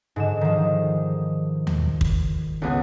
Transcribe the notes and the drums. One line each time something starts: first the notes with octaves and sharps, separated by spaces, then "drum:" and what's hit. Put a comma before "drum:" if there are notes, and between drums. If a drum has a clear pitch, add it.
G#2 D3 E7
D#3 F3
drum: tom D#2
drum: kick
C#2 B3 G#4